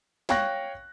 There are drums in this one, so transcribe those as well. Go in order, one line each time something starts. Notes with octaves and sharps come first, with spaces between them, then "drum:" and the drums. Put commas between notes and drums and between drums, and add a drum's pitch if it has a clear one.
C#5 F5 G5 C#6 F#6 A#6, drum: snare